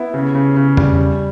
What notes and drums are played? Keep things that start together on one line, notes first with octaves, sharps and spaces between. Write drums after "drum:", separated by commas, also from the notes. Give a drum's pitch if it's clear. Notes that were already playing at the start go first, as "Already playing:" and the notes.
Already playing: B3 E4
C#3
C#3
C#3
G3, drum: tom E2
G3